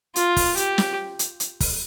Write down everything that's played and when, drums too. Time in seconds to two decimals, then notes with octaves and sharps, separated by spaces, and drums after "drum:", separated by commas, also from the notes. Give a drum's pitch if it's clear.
0.16 F4, drum: hi-hat
0.36 drum: kick, open hi-hat
0.57 G4, drum: hi-hat
0.78 drum: snare
1.19 drum: hi-hat
1.40 drum: hi-hat
1.60 drum: kick, open hi-hat